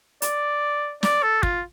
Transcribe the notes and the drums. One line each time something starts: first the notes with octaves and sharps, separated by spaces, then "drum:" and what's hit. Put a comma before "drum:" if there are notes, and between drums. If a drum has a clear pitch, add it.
D5, drum: hi-hat
D5, drum: snare
A4
F4, drum: kick